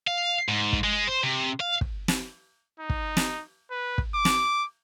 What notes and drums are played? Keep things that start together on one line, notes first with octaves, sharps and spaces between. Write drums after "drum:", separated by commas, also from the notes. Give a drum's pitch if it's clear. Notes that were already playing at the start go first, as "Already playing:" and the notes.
F5
G#2
drum: kick
G#3
C5
C3
F5
drum: kick
drum: snare
D#4
drum: kick
drum: snare
B4
drum: kick
D6
drum: snare